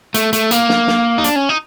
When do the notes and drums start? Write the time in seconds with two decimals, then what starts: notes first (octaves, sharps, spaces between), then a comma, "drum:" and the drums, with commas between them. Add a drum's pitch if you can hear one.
0.14 A3, drum: hi-hat
0.33 A3, drum: hi-hat
0.51 A#3, drum: hi-hat
0.69 drum: snare
0.87 drum: snare
1.18 D#4
1.24 D4, drum: hi-hat
1.36 C#4
1.49 D#4